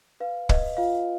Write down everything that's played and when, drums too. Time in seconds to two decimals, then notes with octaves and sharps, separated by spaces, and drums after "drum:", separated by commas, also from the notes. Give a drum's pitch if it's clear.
0.20 B4 F5
0.49 B4 D#5, drum: kick
0.77 F4 F5